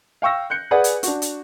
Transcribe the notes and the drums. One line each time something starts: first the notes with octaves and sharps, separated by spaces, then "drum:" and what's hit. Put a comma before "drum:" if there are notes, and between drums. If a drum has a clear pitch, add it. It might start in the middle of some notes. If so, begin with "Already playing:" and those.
F5 G5 C#6 E6 A#6
F#6 G6 C#7
G#4 B4 D5 F#5 G#5
drum: hi-hat
D4 F#4, drum: hi-hat
drum: hi-hat